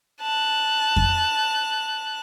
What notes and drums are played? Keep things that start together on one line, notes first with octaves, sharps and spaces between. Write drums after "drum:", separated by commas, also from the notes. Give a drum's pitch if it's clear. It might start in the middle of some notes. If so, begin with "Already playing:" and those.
A5 F#6
drum: kick F2